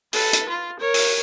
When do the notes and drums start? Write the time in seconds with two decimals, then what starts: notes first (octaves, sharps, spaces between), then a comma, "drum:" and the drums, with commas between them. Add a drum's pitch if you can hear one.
0.13 A4 B4, drum: open hi-hat
0.33 drum: hi-hat
0.49 F4
0.79 A#4 C#5
0.94 drum: open hi-hat